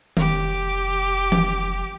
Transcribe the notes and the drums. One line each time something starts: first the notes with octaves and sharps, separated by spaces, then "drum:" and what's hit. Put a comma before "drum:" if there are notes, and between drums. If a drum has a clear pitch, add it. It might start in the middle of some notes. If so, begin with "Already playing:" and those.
F1 G4, drum: tom D#3
drum: tom E3